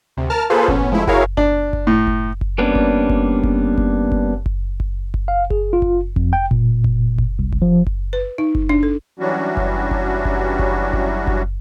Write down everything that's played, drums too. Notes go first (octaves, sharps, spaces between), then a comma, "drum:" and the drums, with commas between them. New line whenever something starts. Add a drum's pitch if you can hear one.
D2 C3
A#4 A5 F6
A#3 F4 G#4 A4 B4 C5
A1 B3 C#4, drum: kick F#1
F3 G#3 A3 E4
E4 F#4 G#4 A#4 C#5 F5, drum: kick F#1
D4, drum: kick F#1
drum: kick F#1
A2
drum: kick F#1
drum: kick F#1
G3 A#3 B3 C#4 D4
drum: kick F#1
drum: kick F#1
drum: kick F#1
drum: kick F#1
drum: kick F#1
drum: kick F#1
drum: kick F#1
drum: kick F#1
F5
G#4, drum: kick F#1
F4
drum: kick F#1
F2, drum: kick F#1
G5
A#2, drum: kick F#1
drum: kick F#1
drum: kick F#1
C2
drum: kick F#1
F3
drum: kick F#1
B4
D#4
drum: kick F#1
D4
A4
E3 F#3 G3 C#4 D4 F#4
drum: kick F#1
drum: kick F#1
drum: kick F#1
drum: kick F#1
drum: kick F#1
drum: kick F#1